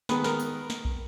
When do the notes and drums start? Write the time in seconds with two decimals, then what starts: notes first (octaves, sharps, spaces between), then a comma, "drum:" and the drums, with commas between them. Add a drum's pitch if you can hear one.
0.09 D#3 G#3 B3 B4, drum: snare
0.24 A#4, drum: snare
0.40 drum: tambourine
0.70 drum: snare
0.85 drum: kick